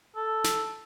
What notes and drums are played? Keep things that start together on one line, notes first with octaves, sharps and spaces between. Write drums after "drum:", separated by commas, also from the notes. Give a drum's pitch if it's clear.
A4
drum: snare